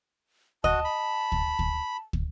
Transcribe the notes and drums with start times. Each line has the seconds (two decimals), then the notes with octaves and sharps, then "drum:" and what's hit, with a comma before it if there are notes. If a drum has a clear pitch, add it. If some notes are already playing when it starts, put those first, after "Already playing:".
0.64 F#4 D#5 A5, drum: kick
0.84 B5
1.32 drum: kick
1.59 drum: kick
2.13 drum: kick